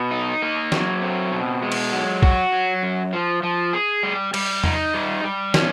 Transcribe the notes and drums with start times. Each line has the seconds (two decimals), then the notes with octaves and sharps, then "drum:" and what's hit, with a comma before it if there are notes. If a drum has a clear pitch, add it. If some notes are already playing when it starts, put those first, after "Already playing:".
Already playing: B2
0.11 D#4
0.42 A#3
0.72 F#3, drum: snare
1.02 C4
1.32 B2
1.62 G#3
1.72 drum: cymbal
1.92 F#3
2.23 F#4, drum: kick
2.53 F#3
2.83 F#2
3.13 F3
3.43 F3
3.73 G#4
4.03 G3
4.34 G3, drum: cymbal
4.64 D#4, drum: tom E2
4.94 G3
5.24 G3
5.54 C#4, drum: snare